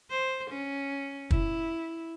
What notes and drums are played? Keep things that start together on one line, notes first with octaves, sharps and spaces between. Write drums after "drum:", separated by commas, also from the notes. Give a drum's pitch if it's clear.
C5
C#4
E4, drum: kick